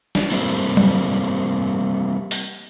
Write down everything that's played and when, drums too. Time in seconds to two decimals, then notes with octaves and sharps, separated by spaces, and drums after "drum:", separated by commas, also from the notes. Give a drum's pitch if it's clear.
0.15 drum: snare
0.31 G3 A3 A#3 C4
0.77 drum: tom F#3
2.31 drum: open hi-hat